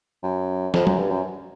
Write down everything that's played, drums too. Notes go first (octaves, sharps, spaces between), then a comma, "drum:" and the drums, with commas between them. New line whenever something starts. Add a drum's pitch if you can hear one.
F#2
F2, drum: snare
F#2, drum: tom
G2
F#2